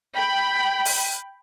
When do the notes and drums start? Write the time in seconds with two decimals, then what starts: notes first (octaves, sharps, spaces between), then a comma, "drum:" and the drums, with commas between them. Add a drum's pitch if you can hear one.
0.15 G5 B5
0.85 drum: open hi-hat